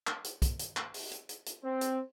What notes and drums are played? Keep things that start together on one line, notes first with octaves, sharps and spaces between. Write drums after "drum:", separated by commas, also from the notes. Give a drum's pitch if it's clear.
drum: clap
drum: hi-hat
drum: kick, hi-hat
drum: hi-hat
drum: clap
drum: open hi-hat
drum: hi-hat
drum: hi-hat
drum: hi-hat
C4
drum: hi-hat